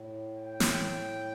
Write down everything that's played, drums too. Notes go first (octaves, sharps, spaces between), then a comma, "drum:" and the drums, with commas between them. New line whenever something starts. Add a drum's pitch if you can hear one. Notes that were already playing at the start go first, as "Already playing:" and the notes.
Already playing: A2
G5
drum: snare